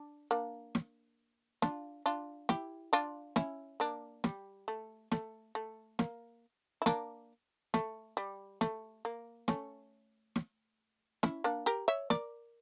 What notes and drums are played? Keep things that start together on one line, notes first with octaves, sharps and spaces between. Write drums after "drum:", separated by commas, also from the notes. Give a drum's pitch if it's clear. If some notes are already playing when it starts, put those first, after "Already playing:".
Already playing: D4
A#3 D4
drum: snare
D4 F4, drum: snare
D4 F4
E4 G4, drum: snare
D4 F4
C#4 E4, drum: snare
A#3 D4
G3, drum: snare
A3
A3, drum: snare
A3
A#3, drum: snare
E4
A#3 D4, drum: snare
A3, drum: snare
G3
A3, drum: snare
A#3
A3 C#4, drum: snare
drum: snare
C#4 E4, drum: snare
A#3 D4
G4 A#4
C#5 E5
A#4 D5, drum: snare